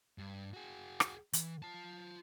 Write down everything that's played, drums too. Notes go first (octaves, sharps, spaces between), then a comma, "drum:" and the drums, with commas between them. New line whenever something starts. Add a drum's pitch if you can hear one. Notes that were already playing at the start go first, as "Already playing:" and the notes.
G2
F#4 G#4
drum: rim click
E3, drum: hi-hat
F4 A5